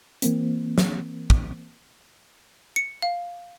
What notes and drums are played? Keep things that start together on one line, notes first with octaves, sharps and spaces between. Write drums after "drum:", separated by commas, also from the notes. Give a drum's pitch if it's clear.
E3 A#3 C4, drum: hi-hat
drum: snare
drum: kick
C#7
F5